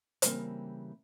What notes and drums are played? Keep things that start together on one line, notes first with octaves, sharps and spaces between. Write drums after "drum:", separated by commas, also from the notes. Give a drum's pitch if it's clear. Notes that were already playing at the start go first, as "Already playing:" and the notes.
C#3 E3 G3 A#3 C4, drum: hi-hat